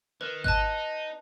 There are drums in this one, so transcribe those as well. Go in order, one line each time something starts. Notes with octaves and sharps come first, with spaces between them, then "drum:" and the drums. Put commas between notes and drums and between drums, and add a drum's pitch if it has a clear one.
D#3 B4
D#4 A5 F#6, drum: kick G#1